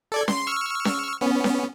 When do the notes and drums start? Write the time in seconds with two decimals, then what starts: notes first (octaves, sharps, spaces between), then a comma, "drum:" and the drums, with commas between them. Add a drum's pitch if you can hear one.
0.12 A4 D5 G#6
0.28 C6 C7, drum: snare C#4
0.47 C#6 E6 F6
0.85 drum: snare C#4
1.21 B3 C#4
1.44 drum: snare C#4